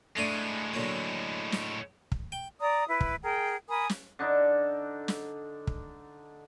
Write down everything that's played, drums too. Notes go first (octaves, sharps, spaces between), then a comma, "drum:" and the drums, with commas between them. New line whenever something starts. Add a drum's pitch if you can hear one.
A2 G#3 A3 D4 G#5
D3 F#3 A#3
drum: snare
drum: kick
G5
D5 A#5 D#6
E4 B4
drum: kick
G#4 A#4 G5
A#4 G#5 B5 D#6
drum: snare
D3 D4 D#4 A4
drum: snare
drum: kick